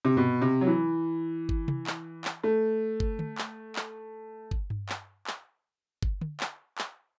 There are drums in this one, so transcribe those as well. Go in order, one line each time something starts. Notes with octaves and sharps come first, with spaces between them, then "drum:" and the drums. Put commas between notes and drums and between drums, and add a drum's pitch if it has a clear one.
C3
B2, drum: tom G2
C3
F#3
E3
drum: kick G1
drum: tom C3
drum: clap
drum: clap
A3
drum: kick G1
drum: tom D3
drum: clap
drum: clap
drum: kick G1
drum: tom G2
drum: clap
drum: clap
drum: kick G1
drum: tom D3
drum: clap
drum: clap